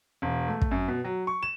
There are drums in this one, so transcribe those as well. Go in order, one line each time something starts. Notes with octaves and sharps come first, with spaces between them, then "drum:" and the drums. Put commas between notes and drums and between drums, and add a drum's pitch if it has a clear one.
E1
A3
drum: kick
F#2
B2
F#3
C#6
E7